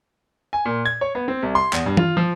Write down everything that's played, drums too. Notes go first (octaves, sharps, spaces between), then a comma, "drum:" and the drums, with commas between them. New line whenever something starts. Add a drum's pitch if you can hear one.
G#5
A#2
G#6
C#5
B3
C4
C2
C6
E2, drum: clap
G2
F4, drum: tom E3
F3